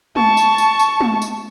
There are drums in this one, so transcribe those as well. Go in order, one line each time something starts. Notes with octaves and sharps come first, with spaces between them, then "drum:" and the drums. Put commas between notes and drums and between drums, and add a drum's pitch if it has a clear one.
A5 C#6, drum: tom G#3
drum: tambourine
drum: tambourine
drum: tambourine
drum: tom G#3
drum: tambourine